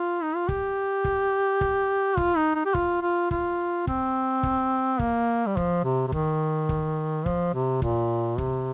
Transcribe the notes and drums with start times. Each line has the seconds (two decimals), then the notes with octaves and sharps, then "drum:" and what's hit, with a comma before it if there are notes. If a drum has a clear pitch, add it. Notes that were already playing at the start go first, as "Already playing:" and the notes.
Already playing: F4
0.23 D#4
0.35 F4
0.49 G4, drum: kick
1.04 drum: kick
1.61 drum: kick
2.17 F4, drum: kick
2.37 D#4
2.55 D#4
2.65 G4
2.74 F4, drum: kick
3.02 F4
3.31 F4, drum: kick
3.87 C4, drum: kick
4.43 drum: kick
4.99 A#3, drum: kick
5.46 G3
5.57 F3, drum: kick
5.84 C3
6.08 C3
6.12 D#3, drum: kick
6.69 drum: kick
7.26 F3, drum: kick
7.54 C3
7.82 A#2, drum: kick
8.38 C3, drum: kick